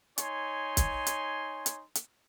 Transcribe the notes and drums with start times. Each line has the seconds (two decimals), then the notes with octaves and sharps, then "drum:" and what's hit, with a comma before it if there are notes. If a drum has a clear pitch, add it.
0.18 D#4 C#5 G#5 C6, drum: hi-hat
0.77 drum: kick, hi-hat
1.07 drum: hi-hat
1.66 drum: hi-hat
1.95 drum: hi-hat